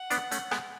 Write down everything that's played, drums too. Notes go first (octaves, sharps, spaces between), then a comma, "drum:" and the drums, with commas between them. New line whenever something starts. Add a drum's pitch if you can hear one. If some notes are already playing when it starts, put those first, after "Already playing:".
Already playing: F#5
B3 D4, drum: hi-hat
A3 C#4, drum: hi-hat
G#3 B3, drum: rim click